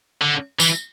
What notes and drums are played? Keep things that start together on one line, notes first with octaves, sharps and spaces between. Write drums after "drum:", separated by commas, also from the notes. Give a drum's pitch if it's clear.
D3
E3, drum: tambourine